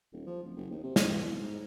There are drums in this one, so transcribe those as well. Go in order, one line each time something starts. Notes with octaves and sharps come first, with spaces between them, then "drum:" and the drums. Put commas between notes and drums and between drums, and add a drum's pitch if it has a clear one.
D#1
F3
D1
F#1
D#2
C3
G#2, drum: snare
E3
B1
G#2